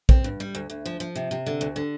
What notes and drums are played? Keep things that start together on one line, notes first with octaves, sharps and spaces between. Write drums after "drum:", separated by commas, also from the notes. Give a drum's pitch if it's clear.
C4, drum: kick A#1
G2
G3
D2
D2
F3
F3
C3
C3
D3
D2
D3